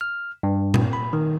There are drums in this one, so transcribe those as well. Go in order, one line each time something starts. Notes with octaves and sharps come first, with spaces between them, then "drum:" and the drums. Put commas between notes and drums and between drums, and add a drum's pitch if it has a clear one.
F6
G2
drum: tom A#2
B5
D#3